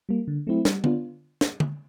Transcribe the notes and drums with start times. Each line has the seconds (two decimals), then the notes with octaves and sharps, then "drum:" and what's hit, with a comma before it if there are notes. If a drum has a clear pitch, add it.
0.09 G3 A#3
0.28 D3
0.47 F#3 A3 C4 E4
0.65 G3, drum: snare
0.84 B3 D4 F4, drum: tom D3
1.41 drum: snare
1.60 drum: tom D3